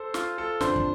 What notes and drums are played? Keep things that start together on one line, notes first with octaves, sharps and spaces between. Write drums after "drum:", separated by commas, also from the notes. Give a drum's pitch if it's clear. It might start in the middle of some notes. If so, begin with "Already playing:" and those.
Already playing: A4 C5
F4, drum: snare
A4
F2 D3 F3 D4 C5, drum: snare
drum: kick